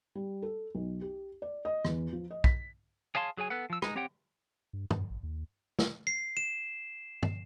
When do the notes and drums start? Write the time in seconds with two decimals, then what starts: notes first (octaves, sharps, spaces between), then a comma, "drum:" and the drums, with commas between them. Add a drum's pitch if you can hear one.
0.15 G3
0.42 A4
0.75 B1
1.01 G4
1.42 D5
1.65 D#5
1.85 E2, drum: rim click
2.13 F3
2.31 D#5
2.44 B6, drum: kick
3.15 G#4 C#5 F5 A5 C6
3.37 F#3 G#4 C#5 G#5
3.50 B3 A4 B4 F#5
3.70 F3 E6
3.82 G#3 D#4, drum: rim click
3.96 C4 G4 C#5 F#5 G5
4.73 G2
4.90 F#2, drum: tom
5.10 A1
5.23 D#2
5.79 drum: snare
6.07 C7
6.37 E7
7.23 drum: tom